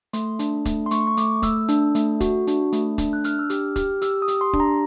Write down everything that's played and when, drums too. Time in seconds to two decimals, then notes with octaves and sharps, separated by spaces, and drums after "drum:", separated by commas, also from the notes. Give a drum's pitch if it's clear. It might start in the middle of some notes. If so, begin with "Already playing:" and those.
0.13 A3 C6, drum: hi-hat
0.39 D4, drum: hi-hat
0.65 A3, drum: kick, hi-hat
0.86 C6
0.91 A3 C#6, drum: hi-hat
1.07 C#6
1.17 A3 D6, drum: hi-hat
1.43 A3 E6, drum: kick, hi-hat
1.68 D4, drum: hi-hat
1.95 A3, drum: hi-hat
2.20 F#4, drum: kick, hi-hat
2.47 D4, drum: hi-hat
2.73 A3, drum: hi-hat
2.98 D4, drum: kick, hi-hat
3.13 F#6
3.24 D4 F6, drum: hi-hat
3.39 E6
3.50 G4 F6, drum: hi-hat
3.76 G4 F6, drum: kick, hi-hat
4.02 G4 E6, drum: hi-hat
4.22 D#6
4.28 G4, drum: hi-hat
4.41 C6
4.53 D4, drum: kick
4.60 A#5